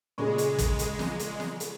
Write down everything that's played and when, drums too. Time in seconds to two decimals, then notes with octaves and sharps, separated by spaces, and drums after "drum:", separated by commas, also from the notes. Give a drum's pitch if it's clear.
0.18 A#2 C#3 G#3 G#4 C#6
0.38 drum: hi-hat
0.58 drum: kick, hi-hat
0.79 drum: hi-hat
0.99 drum: snare
1.19 drum: hi-hat
1.40 drum: snare
1.60 drum: hi-hat